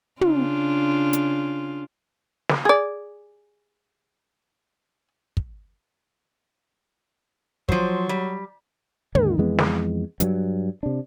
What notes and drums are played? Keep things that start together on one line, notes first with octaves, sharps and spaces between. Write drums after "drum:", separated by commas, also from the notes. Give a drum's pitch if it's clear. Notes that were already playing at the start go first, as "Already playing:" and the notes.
C#3 D4 F4, drum: tom
drum: hi-hat
drum: snare
G#4 D5
drum: kick
F3 F#3 C5, drum: kick
G3
D#2 G#2 D3 D#3, drum: tom
F2 E3 G#3 B3
drum: snare
G2 F#3, drum: hi-hat
C3 D4